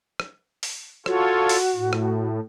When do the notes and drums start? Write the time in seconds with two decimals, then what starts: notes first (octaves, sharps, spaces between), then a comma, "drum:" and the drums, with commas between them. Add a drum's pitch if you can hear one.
0.20 drum: rim click
0.63 drum: open hi-hat
1.06 F4 F#4 A4 C#5, drum: rim click
1.49 drum: open hi-hat
1.76 A2
1.93 drum: rim click